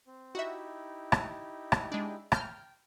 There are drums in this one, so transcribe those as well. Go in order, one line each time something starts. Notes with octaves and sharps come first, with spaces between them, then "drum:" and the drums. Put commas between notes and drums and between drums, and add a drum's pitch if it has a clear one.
C4
D#4 E4 F#4 G4 E5
drum: rim click
drum: rim click
G#3 D4
G5 F6 G6, drum: rim click